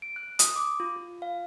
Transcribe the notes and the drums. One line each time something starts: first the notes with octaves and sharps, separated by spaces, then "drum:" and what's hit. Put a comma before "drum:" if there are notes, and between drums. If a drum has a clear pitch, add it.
D7
F#6
D#6, drum: hi-hat
D6
F4
F4
F5